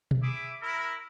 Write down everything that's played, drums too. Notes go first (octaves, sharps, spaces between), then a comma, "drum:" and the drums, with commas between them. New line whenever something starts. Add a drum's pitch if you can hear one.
drum: tom B2
E4 G#4 E5 D6
E4 A#4